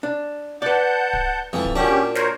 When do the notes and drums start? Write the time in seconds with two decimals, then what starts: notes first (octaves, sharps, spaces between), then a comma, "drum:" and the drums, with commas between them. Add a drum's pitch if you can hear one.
0.03 D4
0.62 B4 D5 F#5 A5 G6
1.13 drum: kick D1
1.53 F2 E3 A3
1.65 drum: kick D1
1.75 A#2 C#4 D4 F#4 G4
2.15 A#4 C5 C#5, drum: snare